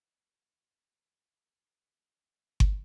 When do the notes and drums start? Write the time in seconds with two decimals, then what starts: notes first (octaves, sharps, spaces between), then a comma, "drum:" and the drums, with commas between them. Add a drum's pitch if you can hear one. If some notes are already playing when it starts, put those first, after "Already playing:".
0.10 A#3 A#4
2.60 drum: kick G1